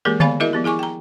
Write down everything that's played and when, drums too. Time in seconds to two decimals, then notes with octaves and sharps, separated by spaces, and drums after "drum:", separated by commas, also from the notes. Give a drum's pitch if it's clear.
0.05 E3 G#3 A#3 G4 G#4 A#4
0.20 D#3 B3 D5 F5 G#5 B5, drum: tom D3
0.40 E4 F#4 G#4 A#4 D#5 E5
0.53 F3 B3 G4
0.64 E4 G#4 G#5 C#6 D6
0.79 G5 A#5